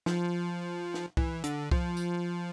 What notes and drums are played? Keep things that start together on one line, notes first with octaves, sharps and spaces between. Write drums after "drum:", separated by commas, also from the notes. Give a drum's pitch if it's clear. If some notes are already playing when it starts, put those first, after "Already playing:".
F3, drum: snare
drum: snare
E3, drum: kick C2
D3, drum: hi-hat
F3, drum: kick C2
drum: tambourine